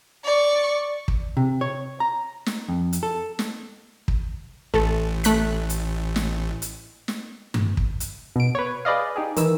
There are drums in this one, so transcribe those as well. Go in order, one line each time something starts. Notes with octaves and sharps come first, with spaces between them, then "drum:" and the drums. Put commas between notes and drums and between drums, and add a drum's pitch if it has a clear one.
D5 C#6
drum: kick
C3
C#5
A#5
drum: snare
F2
drum: hi-hat
A4
drum: snare
drum: kick
A1 A3 A4
A3 F#6 B6, drum: hi-hat
drum: hi-hat
drum: snare
drum: hi-hat
drum: snare
drum: tom G2
drum: kick
drum: hi-hat
B2 D7
B4 C#5
G#4 B4 D5 D#5 F5
D#4 G4 G#4
D#3 E3 E6, drum: hi-hat